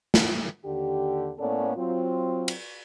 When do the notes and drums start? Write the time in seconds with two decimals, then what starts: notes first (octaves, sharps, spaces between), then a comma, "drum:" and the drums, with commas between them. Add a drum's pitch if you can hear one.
0.14 drum: snare
0.65 D#2 D3 G4
1.38 A2 A#3 B3 C#4 A4 D5
1.76 F#3 C4 F4
2.48 drum: cymbal